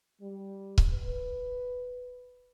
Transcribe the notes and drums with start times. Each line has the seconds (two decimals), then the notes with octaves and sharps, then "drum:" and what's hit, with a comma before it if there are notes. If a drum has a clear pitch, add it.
0.21 G3
0.78 drum: kick C#1
0.93 B4